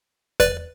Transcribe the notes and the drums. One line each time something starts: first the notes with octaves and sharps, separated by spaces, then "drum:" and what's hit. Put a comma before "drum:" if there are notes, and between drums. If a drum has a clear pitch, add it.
B4 D5, drum: kick E2, hi-hat